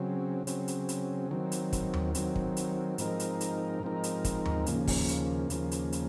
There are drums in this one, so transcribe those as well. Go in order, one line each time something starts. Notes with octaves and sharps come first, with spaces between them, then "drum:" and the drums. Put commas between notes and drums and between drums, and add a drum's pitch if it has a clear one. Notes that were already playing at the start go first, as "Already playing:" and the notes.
Already playing: C#3 F#3 C4
C#3 F#3 C4, drum: hi-hat
drum: hi-hat
drum: hi-hat
D#3 F#3 C4
drum: hi-hat
drum: kick, hi-hat
drum: tom D#2
D#3 F#3 C4, drum: hi-hat
drum: kick
drum: hi-hat
G#2 F3 C4 D#4 A#4, drum: hi-hat
drum: hi-hat
drum: hi-hat
G#2 F3 C4 D#4 A#4
drum: hi-hat
drum: kick, hi-hat
drum: tom D#2
D#2 C#3 F3 A#3, drum: hi-hat
drum: kick, open hi-hat
drum: hi-hat
D#2 C#3 F3 A#3, drum: hi-hat
drum: hi-hat
drum: hi-hat